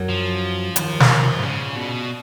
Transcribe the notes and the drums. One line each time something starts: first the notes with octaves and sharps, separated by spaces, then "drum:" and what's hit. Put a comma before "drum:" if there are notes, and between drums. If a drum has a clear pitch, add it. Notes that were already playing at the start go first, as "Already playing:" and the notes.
Already playing: F#2 F#3
F3
D#2 D#3, drum: hi-hat
drum: snare
G#2
A#2 C#3
B2